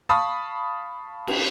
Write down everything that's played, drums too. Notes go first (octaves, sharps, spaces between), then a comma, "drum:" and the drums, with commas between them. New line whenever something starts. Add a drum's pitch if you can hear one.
F5 A5 B5 C#6 D#6
drum: cymbal